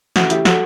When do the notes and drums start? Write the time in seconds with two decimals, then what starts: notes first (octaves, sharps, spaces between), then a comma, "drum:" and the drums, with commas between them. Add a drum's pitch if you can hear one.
0.16 C#3 E3 A3 C#4 F#4, drum: snare
0.30 E4 G4, drum: hi-hat
0.45 F#4 A4, drum: snare